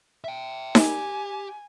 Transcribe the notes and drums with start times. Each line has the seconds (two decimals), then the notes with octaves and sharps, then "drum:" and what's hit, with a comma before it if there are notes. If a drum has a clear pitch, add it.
0.24 E5 G5
0.75 G4 G#5, drum: snare D#4